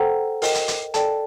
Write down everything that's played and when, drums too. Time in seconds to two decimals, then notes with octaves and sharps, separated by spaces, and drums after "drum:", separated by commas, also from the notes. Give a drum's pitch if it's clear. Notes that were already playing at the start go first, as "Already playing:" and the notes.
Already playing: A4 C5 F#5 G5 A#5
0.42 A#4 D#5 G5, drum: open hi-hat
0.55 drum: hi-hat
0.68 drum: hi-hat
0.94 A4 D5 G5 A5, drum: hi-hat